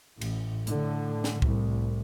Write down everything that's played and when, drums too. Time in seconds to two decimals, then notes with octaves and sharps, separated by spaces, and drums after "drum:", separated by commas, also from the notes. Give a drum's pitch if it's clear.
0.21 A1, drum: cymbal
0.67 A2 D3, drum: hi-hat
1.24 drum: snare
1.42 C2 A2, drum: kick